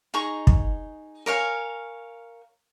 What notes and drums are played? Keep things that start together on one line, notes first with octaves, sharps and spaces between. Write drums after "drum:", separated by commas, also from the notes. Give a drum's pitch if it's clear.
D#4 G#4 A#5 C#6
drum: kick
A#4 C#5 F5 G#5